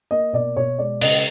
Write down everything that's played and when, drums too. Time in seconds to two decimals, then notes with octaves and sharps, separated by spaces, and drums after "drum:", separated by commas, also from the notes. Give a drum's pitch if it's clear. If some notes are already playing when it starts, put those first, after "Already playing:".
0.11 A#3 D#5
0.33 B2 D5
0.56 B2 C#5
0.79 G#3 D5
1.01 C#3 D#5, drum: open hi-hat